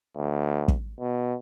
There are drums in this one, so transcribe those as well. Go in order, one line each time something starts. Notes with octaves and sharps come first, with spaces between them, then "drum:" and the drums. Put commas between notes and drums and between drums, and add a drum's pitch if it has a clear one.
D2
drum: kick
B2